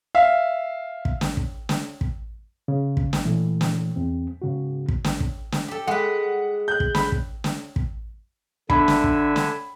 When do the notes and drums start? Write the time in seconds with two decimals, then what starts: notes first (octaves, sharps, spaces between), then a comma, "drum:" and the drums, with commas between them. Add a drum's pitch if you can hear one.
0.15 E5 F5
1.05 drum: kick
1.21 drum: snare
1.37 drum: kick
1.69 drum: snare
2.01 drum: kick
2.68 C#3
2.97 drum: kick
3.13 drum: snare
3.25 A#2 E3 A3
3.61 drum: snare
3.96 E2 C4
4.42 G#2 C#3 F#4
4.88 drum: kick
5.04 drum: snare
5.20 drum: kick
5.52 drum: snare
5.68 G4 A4
5.87 G#3 B4 F#5
6.68 F#6 G6
6.80 drum: kick
6.95 B5, drum: snare
7.12 drum: kick
7.44 drum: snare
7.76 drum: kick
8.70 D3 D4 E5 G#5 B5, drum: kick
8.88 drum: snare
9.04 drum: kick
9.36 drum: snare